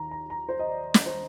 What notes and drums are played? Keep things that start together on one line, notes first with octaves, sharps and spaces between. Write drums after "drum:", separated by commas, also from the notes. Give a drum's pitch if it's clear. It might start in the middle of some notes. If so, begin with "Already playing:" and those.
Already playing: D#2 D#3 A#5
A#5
A#5
C5
D#5
D5
drum: snare
C5